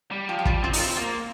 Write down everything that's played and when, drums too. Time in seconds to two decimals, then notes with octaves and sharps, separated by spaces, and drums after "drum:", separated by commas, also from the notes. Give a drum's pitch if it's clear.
0.11 G3
0.29 F3 G4
0.39 G4
0.45 G3 F4, drum: kick
0.62 C4 F4
0.73 D#4, drum: open hi-hat
0.80 C4 F4
0.97 A#3 F4